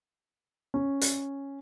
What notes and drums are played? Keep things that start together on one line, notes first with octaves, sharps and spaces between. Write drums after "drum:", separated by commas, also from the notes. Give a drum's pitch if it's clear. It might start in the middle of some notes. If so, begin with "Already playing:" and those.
C#4
drum: hi-hat